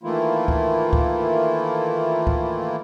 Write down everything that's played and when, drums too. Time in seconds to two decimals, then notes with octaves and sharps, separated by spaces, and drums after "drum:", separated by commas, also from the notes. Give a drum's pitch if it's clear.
0.03 D#3 E3 A3 A#3 E4 F4
0.48 drum: kick C#2
0.93 drum: kick C#2
2.27 drum: kick C#2